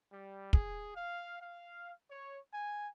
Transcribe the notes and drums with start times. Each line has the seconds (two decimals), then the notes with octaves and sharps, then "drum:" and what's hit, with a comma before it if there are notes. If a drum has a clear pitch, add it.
0.12 G3
0.53 G#4, drum: kick
0.96 F5
1.41 F5
2.09 C#5
2.53 G#5